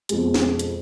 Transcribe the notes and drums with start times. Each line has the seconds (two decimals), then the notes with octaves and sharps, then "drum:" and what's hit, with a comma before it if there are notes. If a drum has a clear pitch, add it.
0.09 F2 B2 G#3, drum: hi-hat
0.34 drum: snare
0.59 drum: hi-hat